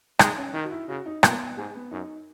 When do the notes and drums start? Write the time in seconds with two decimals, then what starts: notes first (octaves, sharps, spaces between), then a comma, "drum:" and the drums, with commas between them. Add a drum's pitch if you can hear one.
0.19 G#3 D#4, drum: rim click
0.37 C#4
0.54 D#3 D#4
0.65 F#4
0.71 E4
0.88 C#3 F#4
1.06 D#4
1.23 A#2 B3, drum: rim click
1.57 G#2 G#3
1.75 B3
1.91 F#2 D#4